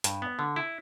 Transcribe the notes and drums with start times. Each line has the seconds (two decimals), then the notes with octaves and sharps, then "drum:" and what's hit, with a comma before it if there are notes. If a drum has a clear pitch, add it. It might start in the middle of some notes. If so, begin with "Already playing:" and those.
0.04 G2, drum: hi-hat
0.22 B3
0.39 D3
0.56 E4